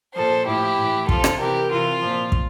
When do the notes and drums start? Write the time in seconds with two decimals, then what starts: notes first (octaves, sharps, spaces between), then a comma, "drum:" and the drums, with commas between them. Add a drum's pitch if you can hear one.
0.15 A#2 F3 A4 C5
0.47 A2 F3 E4 G4
0.77 A2 E3
1.09 C3 F3 F4 A4, drum: kick
1.24 drum: rim click
1.39 C3 E3 G4 A#4
1.70 C3 E3 F4
2.01 A#2 F3
2.32 drum: kick